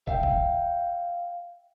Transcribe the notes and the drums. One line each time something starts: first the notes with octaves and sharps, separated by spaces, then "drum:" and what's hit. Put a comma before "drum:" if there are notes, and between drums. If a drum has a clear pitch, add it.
E5 F5 G5, drum: kick
drum: kick